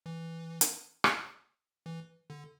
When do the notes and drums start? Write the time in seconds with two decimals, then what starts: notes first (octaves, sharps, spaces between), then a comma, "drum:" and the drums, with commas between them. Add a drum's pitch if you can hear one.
0.06 E3
0.61 drum: hi-hat
1.04 drum: rim click
1.86 E3
2.30 D3